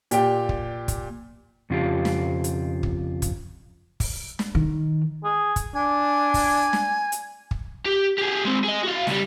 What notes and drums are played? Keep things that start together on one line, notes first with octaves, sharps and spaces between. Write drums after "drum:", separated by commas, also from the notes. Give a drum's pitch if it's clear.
A#2 G4 D5 G5, drum: hi-hat
drum: kick
drum: kick, hi-hat
F2 C#3 F4 G4
drum: snare
drum: hi-hat
drum: kick
drum: kick, hi-hat
drum: kick, open hi-hat
drum: snare
D#3
G#4
drum: kick, hi-hat
D4 G#5
drum: kick, open hi-hat
drum: snare
drum: hi-hat
drum: kick
G4
G4 G#4
G#3 C4
G#4 D#5
F#4 F5
C#2 G3, drum: snare